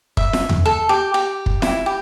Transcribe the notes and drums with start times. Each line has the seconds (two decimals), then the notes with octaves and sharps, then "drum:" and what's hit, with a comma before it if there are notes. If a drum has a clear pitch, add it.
0.17 E5, drum: kick
0.33 drum: snare
0.49 drum: tom E2
0.65 A4
0.89 G4
1.14 G4
1.46 drum: kick
1.62 E4, drum: snare
1.86 G4